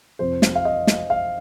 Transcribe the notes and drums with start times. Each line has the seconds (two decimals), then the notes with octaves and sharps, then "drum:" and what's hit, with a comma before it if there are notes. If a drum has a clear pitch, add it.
0.19 F2 C3 F3 C5
0.42 drum: snare
0.55 F5
0.65 D#5
0.87 drum: snare
1.10 F5